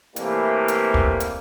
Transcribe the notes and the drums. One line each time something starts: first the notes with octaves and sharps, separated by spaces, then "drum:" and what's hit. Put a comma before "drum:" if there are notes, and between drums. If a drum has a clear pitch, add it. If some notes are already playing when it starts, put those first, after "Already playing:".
C3 E3 G3 A3 A#3, drum: hi-hat
drum: hi-hat
drum: kick
drum: hi-hat